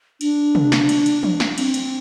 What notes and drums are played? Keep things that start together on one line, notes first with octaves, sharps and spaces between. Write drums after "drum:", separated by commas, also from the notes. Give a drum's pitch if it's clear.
D4, drum: cymbal
drum: tom
drum: snare
drum: cymbal
drum: cymbal
drum: tom E3
drum: snare
C4, drum: cymbal
drum: cymbal